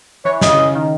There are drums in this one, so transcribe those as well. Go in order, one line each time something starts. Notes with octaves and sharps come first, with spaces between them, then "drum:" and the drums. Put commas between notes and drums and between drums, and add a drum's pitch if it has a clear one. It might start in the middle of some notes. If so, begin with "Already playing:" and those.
E3 C#5
C#3 D#5, drum: snare
C#3
D#3